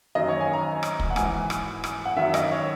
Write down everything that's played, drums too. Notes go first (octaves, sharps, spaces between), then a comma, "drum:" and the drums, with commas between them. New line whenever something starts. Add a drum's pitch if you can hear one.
F#2 D#3 D#5
C#5
G#5
A#5
drum: rim click
drum: kick
F#5
G#2 E3 G#5, drum: rim click
drum: rim click
drum: rim click
F#5
F#2 D#3 E5
D#5, drum: rim click
C#5